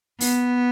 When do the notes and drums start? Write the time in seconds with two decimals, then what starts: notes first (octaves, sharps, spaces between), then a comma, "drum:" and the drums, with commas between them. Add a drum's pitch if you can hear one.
0.21 B3, drum: open hi-hat